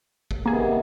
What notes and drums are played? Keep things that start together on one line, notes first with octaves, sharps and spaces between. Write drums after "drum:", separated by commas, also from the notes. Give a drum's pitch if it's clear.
drum: kick G1
C3 D#3 A#3 B3 G#4